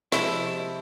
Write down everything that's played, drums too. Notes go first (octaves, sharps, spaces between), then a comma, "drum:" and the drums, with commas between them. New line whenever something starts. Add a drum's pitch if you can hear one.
C3 F3 G#3 E4, drum: snare